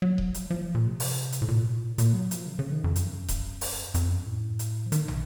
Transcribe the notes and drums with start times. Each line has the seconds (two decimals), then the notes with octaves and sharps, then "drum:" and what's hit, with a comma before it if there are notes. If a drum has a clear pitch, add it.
0.02 F#3
0.18 drum: kick D#1
0.34 drum: hi-hat
0.50 F3
0.75 A#2
0.87 C3
1.00 drum: open hi-hat
1.32 drum: hi-hat
1.42 A2
1.48 A#2
1.98 A#2, drum: hi-hat
2.14 F#3
2.31 F3, drum: hi-hat
2.47 C#3
2.59 C#3
2.72 D#3
2.84 F2
2.96 F#2, drum: hi-hat
3.28 drum: kick D#1, hi-hat
3.61 drum: open hi-hat
3.94 F2, drum: hi-hat
4.10 F#2
4.26 A2
4.59 drum: hi-hat
4.86 F3
4.92 D#3, drum: hi-hat
5.08 drum: tom